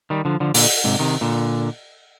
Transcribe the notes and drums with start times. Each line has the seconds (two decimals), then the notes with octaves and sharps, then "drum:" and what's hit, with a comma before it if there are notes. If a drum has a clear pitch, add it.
0.10 D#3 G3
0.25 D3 F3
0.40 D3 F3
0.54 A#2 D3, drum: open hi-hat
0.84 G#2 C3
0.99 C3 D#3
1.21 A#2 D3